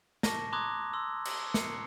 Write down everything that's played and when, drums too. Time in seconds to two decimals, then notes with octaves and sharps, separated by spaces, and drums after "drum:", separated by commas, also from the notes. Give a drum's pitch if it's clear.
0.23 A5 C#6 D6 A#6, drum: snare
0.53 A#5 C6 D6 D#6 F#6 G#6
0.93 C6 E6
1.25 drum: cymbal
1.54 C7 C#7, drum: snare